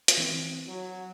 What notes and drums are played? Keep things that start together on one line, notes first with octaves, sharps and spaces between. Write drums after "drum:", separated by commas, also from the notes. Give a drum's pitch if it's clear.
drum: hi-hat
E3 C4
F#3